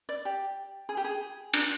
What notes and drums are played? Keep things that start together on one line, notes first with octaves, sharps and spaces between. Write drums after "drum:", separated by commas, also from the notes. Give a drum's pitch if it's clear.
D5
G4
G#4
G4
G#4
D4, drum: cymbal